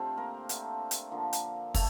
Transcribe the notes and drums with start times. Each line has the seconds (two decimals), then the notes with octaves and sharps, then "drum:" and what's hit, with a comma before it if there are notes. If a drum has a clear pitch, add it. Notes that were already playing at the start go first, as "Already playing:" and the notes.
Already playing: D3 A3 C4 F4 G4 C5
0.17 A#3 A#4
0.49 D3 A3, drum: hi-hat
0.91 drum: hi-hat
1.11 D3 F3 A#3
1.33 drum: hi-hat
1.74 A3 A4, drum: kick, open hi-hat